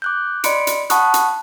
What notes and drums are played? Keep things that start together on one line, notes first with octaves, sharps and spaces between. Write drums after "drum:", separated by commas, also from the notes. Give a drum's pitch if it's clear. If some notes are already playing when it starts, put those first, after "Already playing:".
D6 F#6 G6
D5 D#5 B5 C6 C#7 D7, drum: hi-hat
drum: hi-hat
F#5 A5 B5 C#6 D#6 F#6, drum: hi-hat
drum: hi-hat